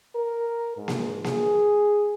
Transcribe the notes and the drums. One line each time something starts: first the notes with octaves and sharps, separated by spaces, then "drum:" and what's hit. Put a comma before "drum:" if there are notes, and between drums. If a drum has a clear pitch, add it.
A#4
G#2
drum: snare A#3
G#4, drum: snare A#3